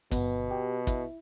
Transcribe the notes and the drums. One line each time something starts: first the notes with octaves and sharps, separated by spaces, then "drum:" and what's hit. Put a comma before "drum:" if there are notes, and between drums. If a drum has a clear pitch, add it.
G1 B2 B3, drum: kick, hi-hat
G4
E4, drum: kick, hi-hat